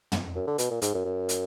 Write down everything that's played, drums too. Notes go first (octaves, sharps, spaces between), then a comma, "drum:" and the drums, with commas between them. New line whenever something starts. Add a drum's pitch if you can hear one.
drum: tom
F#2
D3
B2, drum: hi-hat
A#2
G#2, drum: hi-hat
F#2
F#2
drum: hi-hat